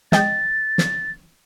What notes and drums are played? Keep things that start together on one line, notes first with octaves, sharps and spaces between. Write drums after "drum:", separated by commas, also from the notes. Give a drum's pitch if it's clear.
G#3 D#5 G5 A6, drum: snare
drum: snare